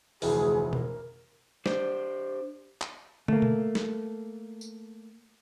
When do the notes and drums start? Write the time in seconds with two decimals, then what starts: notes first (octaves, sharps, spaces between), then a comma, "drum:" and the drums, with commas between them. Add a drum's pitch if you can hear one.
0.22 F1 D2 E3 G#4, drum: open hi-hat
0.73 A#4, drum: tom B2
1.66 D4 G4 C5, drum: snare
2.81 drum: clap
3.28 A3 A#3, drum: tom
3.42 drum: tom B2
3.75 drum: snare
4.61 drum: tambourine